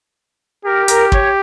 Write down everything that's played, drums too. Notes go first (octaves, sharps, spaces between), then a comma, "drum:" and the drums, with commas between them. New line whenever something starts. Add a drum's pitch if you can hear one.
G4 A#4
A#4, drum: hi-hat
C#5, drum: kick